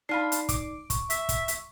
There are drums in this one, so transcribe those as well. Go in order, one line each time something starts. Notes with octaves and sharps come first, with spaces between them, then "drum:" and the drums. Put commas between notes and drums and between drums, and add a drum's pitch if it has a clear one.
D4 D#4 F4 D5 B5 C7
drum: hi-hat
D6, drum: kick, hi-hat
C#6, drum: kick, hi-hat
E5, drum: hi-hat
drum: kick, hi-hat
drum: hi-hat